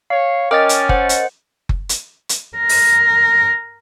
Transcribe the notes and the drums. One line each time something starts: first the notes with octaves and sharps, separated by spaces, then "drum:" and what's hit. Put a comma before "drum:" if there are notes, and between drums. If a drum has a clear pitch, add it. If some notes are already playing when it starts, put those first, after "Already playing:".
C#5 F5
C#4 A#4 D#5 G5 D6 F6 A6
drum: hi-hat
C5 F#5, drum: kick F#1
drum: hi-hat
drum: kick F#1
drum: hi-hat
drum: hi-hat
A#4
drum: open hi-hat